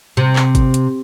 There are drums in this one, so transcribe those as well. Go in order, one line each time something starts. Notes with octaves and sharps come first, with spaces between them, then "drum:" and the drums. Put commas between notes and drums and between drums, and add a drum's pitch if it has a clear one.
C3
drum: clap
drum: kick G#1, hi-hat
drum: hi-hat